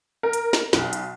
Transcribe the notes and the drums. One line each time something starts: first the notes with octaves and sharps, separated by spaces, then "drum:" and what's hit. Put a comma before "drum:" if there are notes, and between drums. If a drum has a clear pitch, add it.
A#4
drum: hi-hat
drum: snare
B1, drum: snare
drum: hi-hat